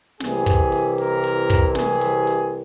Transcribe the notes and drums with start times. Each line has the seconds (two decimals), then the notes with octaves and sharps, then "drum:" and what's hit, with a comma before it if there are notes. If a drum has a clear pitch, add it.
0.20 C2 C3 E3 G#4, drum: snare
0.46 drum: kick, hi-hat
0.72 drum: open hi-hat
0.98 A#4, drum: open hi-hat
1.24 drum: hi-hat
1.50 drum: kick, hi-hat
1.75 G#4, drum: snare
2.01 drum: hi-hat
2.27 drum: hi-hat